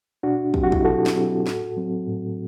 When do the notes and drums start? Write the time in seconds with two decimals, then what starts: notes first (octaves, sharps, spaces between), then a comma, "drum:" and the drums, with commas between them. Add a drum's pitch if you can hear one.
0.23 B2 D4 F#4
0.54 F#3 C4 G4, drum: kick
0.63 F#4
0.72 E4 G4, drum: kick
0.85 B2 F#4 A4
1.06 drum: snare
1.15 F#3 C4
1.46 A2, drum: snare
1.77 F#3 C4
2.08 A2